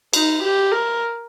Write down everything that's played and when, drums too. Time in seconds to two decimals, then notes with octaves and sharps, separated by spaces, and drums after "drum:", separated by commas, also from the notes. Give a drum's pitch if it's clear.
0.13 D#4, drum: cymbal
0.43 G4
0.72 A#4